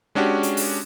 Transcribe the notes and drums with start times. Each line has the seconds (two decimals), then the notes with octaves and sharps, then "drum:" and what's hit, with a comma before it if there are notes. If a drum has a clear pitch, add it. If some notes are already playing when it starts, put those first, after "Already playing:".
0.15 G#3 C#4 D4 F#4 G4
0.43 drum: hi-hat
0.57 drum: open hi-hat